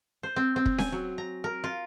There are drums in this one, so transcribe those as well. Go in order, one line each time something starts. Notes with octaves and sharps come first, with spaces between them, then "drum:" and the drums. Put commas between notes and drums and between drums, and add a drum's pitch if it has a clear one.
C5
C4
C4
drum: kick
G#5, drum: snare C#4
F#3
A#5
A#4
F4